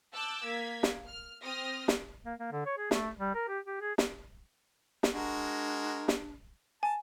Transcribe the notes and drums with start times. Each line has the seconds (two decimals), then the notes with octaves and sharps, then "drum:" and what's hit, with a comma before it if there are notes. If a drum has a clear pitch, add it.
0.13 A5 D6 E6 F#6 G6
0.45 A#3 G#6 B6
0.83 drum: snare
1.08 F6
1.44 C4 D#6 F6 A#6
1.88 drum: snare
2.25 A#3
2.39 A#3
2.52 D3
2.66 C#5
2.78 G#4
2.91 A3, drum: snare
3.19 G3
3.35 A#4
3.48 G4
3.65 G4
3.81 G#4
3.98 drum: snare
5.03 drum: snare
5.13 G#3 D4 F#4 A#4
6.08 drum: snare
6.83 G#5 A5